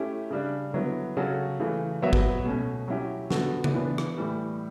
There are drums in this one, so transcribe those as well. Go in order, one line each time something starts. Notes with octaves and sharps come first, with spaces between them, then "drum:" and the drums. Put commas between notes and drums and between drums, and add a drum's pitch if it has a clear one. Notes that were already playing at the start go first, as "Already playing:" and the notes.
Already playing: A3 C#4 E4 G4
C#3 G3 D4
D3 F#3 B3 E4
C#3 F#3 C#4 F#4 A4
C#3 E3 A3
F#3 B3 F#4 C#5 E5
drum: kick
B2 A3 C#4
F#3 C#4 E4 G4
D3 F#3 B3 F#4 A4, drum: snare
drum: tom C#3
E3 B3 D4
drum: rim click
A2 E3 G3